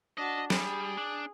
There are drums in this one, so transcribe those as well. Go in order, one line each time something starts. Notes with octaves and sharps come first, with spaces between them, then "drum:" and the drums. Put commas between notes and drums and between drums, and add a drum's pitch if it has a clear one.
D4 F#4 D#5
G3 G#4, drum: snare
D4